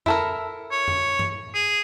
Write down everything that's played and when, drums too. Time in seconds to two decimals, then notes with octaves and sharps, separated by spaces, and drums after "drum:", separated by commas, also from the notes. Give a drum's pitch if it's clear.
0.06 E4 A4 A#4, drum: tom F2
0.72 C#5
0.88 drum: tom F2
1.19 drum: tom G2
1.55 G#4